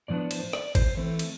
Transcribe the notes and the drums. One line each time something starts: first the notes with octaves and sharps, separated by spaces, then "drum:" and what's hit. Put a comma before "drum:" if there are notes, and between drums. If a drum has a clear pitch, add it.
A2 F3 B3 D4 D5
C5, drum: cymbal
D5, drum: rim click
C5, drum: kick G#1, cymbal
E3 A3 C4
drum: cymbal